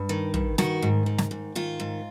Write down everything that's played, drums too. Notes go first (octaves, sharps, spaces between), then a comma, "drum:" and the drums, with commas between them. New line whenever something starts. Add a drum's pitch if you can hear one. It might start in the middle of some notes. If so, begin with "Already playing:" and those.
Already playing: G2
D#3
G2, drum: tom
D#3 F#4, drum: snare
G#2
D#3
drum: snare
G#2
D#3 F4
G#2